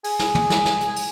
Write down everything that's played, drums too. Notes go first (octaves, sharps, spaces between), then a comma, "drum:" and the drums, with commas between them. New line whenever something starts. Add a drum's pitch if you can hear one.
G#4, drum: open hi-hat
drum: snare
drum: tom
drum: snare
drum: snare
drum: hi-hat
drum: open hi-hat